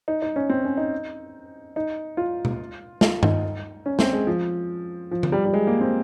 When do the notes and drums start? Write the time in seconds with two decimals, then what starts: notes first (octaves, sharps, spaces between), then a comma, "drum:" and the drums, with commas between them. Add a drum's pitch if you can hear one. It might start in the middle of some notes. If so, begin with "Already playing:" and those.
0.08 D#4
0.22 D#4
0.36 C#4
0.49 C4
0.64 C#4
0.77 D#4
1.76 D#4
2.17 F4
2.45 drum: tom B2
3.01 F4, drum: snare
3.23 D#4, drum: tom G2
3.86 C#4
3.99 C4, drum: snare
4.13 G#3
4.27 F3
5.11 F3
5.23 drum: tom D3
5.32 G3
5.45 G3
5.53 G#3
5.67 A#3
5.81 C4